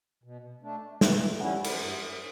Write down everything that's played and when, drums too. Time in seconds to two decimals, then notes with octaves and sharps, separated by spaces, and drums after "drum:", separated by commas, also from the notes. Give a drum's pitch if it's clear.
0.24 B2
0.63 A3 D4
1.01 E3 E5, drum: snare
1.40 G3 C#4 E4 F#5
1.64 drum: cymbal
1.80 G2